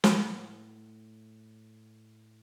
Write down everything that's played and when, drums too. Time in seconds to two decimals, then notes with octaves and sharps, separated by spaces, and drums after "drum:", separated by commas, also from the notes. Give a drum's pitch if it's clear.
0.04 A2 F#5, drum: snare